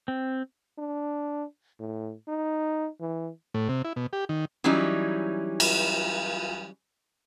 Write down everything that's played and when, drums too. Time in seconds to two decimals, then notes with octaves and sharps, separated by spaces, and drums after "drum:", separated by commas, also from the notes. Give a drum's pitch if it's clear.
0.08 C4
0.78 D4
1.80 A2
2.28 D#4
3.01 E3
3.54 A2
3.69 C3
3.85 E4
3.96 B2
4.13 G4
4.29 D#3
4.64 E3 F#3 G3 C#4 D#4 E4
5.60 drum: cymbal